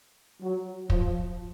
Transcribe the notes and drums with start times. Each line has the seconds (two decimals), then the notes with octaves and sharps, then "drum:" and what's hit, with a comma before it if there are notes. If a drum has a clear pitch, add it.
0.41 F#3
0.90 F3, drum: kick